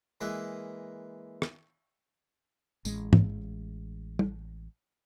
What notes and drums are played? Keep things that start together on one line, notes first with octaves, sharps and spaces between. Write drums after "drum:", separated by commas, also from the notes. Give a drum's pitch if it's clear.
E3 G#3 A#3 B4
drum: rim click
A1 G#3, drum: tambourine
drum: tom
drum: tom